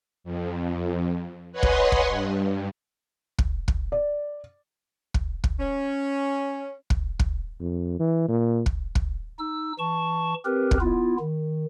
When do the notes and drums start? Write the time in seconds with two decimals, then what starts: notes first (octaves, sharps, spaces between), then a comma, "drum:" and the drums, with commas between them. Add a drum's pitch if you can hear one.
0.24 F2
1.52 B4 C#5 D#5 F#5 G#5 C6
1.63 drum: kick
1.92 drum: kick
2.08 G2
3.39 drum: kick
3.68 drum: kick
3.92 D5
5.14 drum: kick
5.44 drum: kick
5.59 C#4
6.90 drum: kick
7.19 drum: kick
7.60 F2
7.99 E3
8.28 A#2
8.66 drum: kick
8.95 drum: kick
9.39 D#4 E6
9.79 E3 A5 C#6
10.45 C4 G4 A#4 B4
10.71 drum: kick
10.81 B3 E4 F4
11.19 D#3